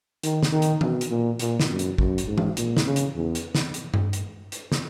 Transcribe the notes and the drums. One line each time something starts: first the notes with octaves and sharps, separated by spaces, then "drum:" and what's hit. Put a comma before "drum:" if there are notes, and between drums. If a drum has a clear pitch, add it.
D#3, drum: hi-hat
drum: snare
D#3
drum: hi-hat
B2, drum: tom E3
drum: hi-hat
A#2
A#2, drum: hi-hat
drum: snare
F#2
drum: hi-hat
F#2, drum: kick
drum: hi-hat
G#2
drum: tom E3
A#2, drum: hi-hat
drum: snare
C#3
drum: hi-hat
E2
drum: hi-hat
drum: snare
drum: hi-hat
drum: tom G2
drum: hi-hat
drum: hi-hat
drum: snare